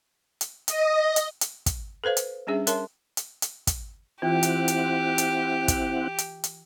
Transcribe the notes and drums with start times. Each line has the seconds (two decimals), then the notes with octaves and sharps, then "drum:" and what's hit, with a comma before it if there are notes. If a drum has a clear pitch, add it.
0.41 drum: hi-hat
0.68 D#5, drum: hi-hat
1.16 drum: hi-hat
1.41 drum: hi-hat
1.66 drum: kick, hi-hat
2.04 A4 B4 C5 F5
2.17 drum: hi-hat
2.47 G3 C#4 D4 G#4 E5
2.67 A#4 C#5 E5 A5 C6, drum: hi-hat
3.17 drum: hi-hat
3.42 drum: hi-hat
3.67 drum: kick, hi-hat
4.22 E3 C4 E4 F4 G4 F#5 G5
4.43 drum: hi-hat
4.68 drum: hi-hat
5.18 drum: hi-hat
5.68 drum: kick, hi-hat
6.18 drum: hi-hat
6.44 drum: hi-hat